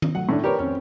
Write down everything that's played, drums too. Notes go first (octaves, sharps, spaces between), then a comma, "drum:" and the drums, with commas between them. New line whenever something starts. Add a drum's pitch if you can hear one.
drum: tom D#3
F#3 A3 F#5
A2 D#3 C#4 D4
G4 A#4 B4 C#5 D5
F2 C4 C#4